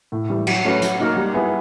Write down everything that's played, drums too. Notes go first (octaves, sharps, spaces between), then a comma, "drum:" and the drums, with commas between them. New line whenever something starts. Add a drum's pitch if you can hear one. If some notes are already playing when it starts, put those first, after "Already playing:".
A2
E3 G3
F#3, drum: cymbal
A3 C#4 F#4 B4
F#3, drum: hi-hat
A#3 D#4 F#4 A#4
G3
B3 E4 G#4